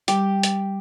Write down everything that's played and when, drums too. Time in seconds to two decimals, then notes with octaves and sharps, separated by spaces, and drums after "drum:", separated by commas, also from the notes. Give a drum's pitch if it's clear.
0.08 G3 G4, drum: hi-hat
0.43 drum: hi-hat